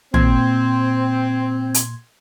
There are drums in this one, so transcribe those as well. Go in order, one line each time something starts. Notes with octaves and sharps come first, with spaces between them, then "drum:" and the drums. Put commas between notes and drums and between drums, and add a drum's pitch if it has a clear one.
A#2 C4 C6 G#6, drum: tom
drum: hi-hat